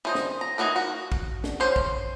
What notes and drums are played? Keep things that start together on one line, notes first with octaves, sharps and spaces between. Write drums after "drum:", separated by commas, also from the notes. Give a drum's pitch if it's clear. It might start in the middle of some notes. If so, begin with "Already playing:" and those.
E3 C5 D#5
drum: snare
A#5
E3 D#4 F#4 A#4
F#4
drum: kick
drum: snare
C#4 C5
drum: kick